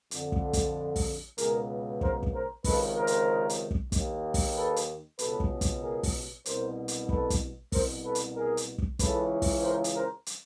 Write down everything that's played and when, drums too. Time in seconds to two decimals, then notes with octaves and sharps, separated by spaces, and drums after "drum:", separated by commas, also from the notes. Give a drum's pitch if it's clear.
0.11 F2 D3, drum: hi-hat
0.32 drum: kick
0.53 drum: kick, hi-hat
0.96 drum: kick, open hi-hat
1.38 C#2 B2 G#4 A#4, drum: hi-hat
2.01 A#4 C5, drum: kick
2.23 drum: kick
2.33 A#4 C5
2.64 C#2 C3 D#3 A4 B4, drum: kick, open hi-hat
2.96 A#4 C5
3.07 drum: hi-hat
3.49 drum: hi-hat
3.71 drum: kick
3.92 D#2 D#3, drum: kick, hi-hat
4.34 drum: kick, open hi-hat
4.55 A4 B4
4.76 drum: hi-hat
5.19 C#2 B2 A4 B4, drum: hi-hat
5.40 drum: kick
5.61 drum: kick, hi-hat
5.82 G#4 A#4
6.03 drum: kick, open hi-hat
6.46 C2 B2 A#4 C5, drum: hi-hat
6.88 drum: hi-hat
7.09 A4 B4, drum: kick
7.30 drum: kick, hi-hat
7.72 C2 B2 A#4 C5, drum: kick, open hi-hat
8.04 A4 B4
8.15 drum: hi-hat
8.36 G#4 A#4
8.57 drum: hi-hat
8.78 drum: kick
8.99 C#2 C#3 E3 A4 B4, drum: kick, hi-hat
9.42 drum: kick, open hi-hat
9.63 A#4 C5
9.84 drum: hi-hat
9.95 A#4 C5
10.26 drum: hi-hat